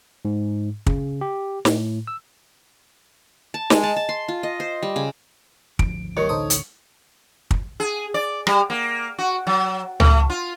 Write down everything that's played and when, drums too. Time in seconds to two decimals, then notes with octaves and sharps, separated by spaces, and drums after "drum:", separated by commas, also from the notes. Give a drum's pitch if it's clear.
0.25 G#2
0.87 C#3, drum: kick
1.21 G4
1.65 A2, drum: snare
2.07 E6
3.54 A5
3.70 G#3, drum: snare
3.83 A5
3.96 A5
4.09 C6
4.28 F4
4.43 D#5
4.60 C5
4.83 G3
4.96 C#3
5.79 G#1 D2 F3 D7, drum: kick
6.17 D#2 D#3 G3 A#3 C#5
6.29 A1 D2 D3 D#4 A4 C5 D#6
6.50 drum: hi-hat
7.51 drum: kick
7.80 G#4
8.14 D5
8.47 G3, drum: rim click
8.70 A#3
9.18 F#4
9.47 F#3
10.00 A3, drum: tom C#2
10.30 F4